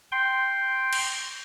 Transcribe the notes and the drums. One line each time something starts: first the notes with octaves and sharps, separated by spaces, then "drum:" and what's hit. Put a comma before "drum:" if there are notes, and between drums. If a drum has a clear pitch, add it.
G5 C6
drum: cymbal